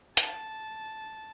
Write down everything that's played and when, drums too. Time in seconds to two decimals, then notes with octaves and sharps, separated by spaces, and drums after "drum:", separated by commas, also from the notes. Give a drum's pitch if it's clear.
0.17 A5, drum: hi-hat